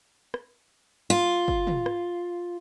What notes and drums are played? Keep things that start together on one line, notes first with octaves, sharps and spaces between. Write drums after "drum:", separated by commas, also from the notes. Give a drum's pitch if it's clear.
drum: rim click
F4
drum: kick
drum: tom
drum: rim click